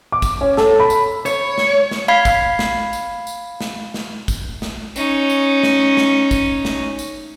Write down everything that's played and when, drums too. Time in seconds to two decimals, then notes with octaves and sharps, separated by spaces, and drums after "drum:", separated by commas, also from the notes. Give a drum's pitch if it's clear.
0.12 D6
0.22 drum: kick, tambourine
0.41 C#4
0.57 A4, drum: snare
0.79 B5
0.90 drum: tambourine
1.26 C#5, drum: tambourine
1.58 drum: snare
1.91 drum: snare
2.08 F5 B5 G#6 C7
2.25 drum: kick, tambourine
2.59 drum: snare
2.93 drum: tambourine
3.27 drum: tambourine
3.61 drum: snare
3.94 drum: snare
4.28 drum: kick, tambourine
4.62 drum: snare
4.96 C#4 D#4, drum: tambourine
5.30 drum: tambourine
5.63 drum: snare
5.97 drum: snare
6.31 drum: kick, tambourine
6.65 drum: snare
6.99 drum: tambourine